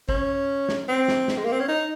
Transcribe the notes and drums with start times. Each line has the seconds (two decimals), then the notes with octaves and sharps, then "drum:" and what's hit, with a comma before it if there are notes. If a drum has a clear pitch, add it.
0.09 C#4, drum: kick
0.69 drum: snare
0.88 C4
1.08 drum: snare
1.28 drum: snare
1.38 G#3
1.45 A#3
1.53 C4
1.60 C#4
1.68 D#4